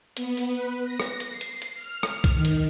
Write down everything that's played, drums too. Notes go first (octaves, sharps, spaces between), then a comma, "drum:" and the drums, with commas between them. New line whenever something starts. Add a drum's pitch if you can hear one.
B3, drum: hi-hat
drum: open hi-hat
B4
A#6
drum: rim click
drum: hi-hat
C7
drum: hi-hat
drum: hi-hat
F6
drum: rim click
drum: kick B1, hi-hat
D#3
drum: hi-hat